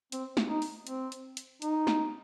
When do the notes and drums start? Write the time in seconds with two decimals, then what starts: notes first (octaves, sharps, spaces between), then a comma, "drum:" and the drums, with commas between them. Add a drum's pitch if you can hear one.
0.12 C4, drum: hi-hat
0.37 drum: snare
0.49 D#4
0.62 drum: open hi-hat
0.87 C4, drum: hi-hat
1.12 drum: hi-hat
1.37 drum: hi-hat
1.62 D#4, drum: hi-hat
1.87 drum: snare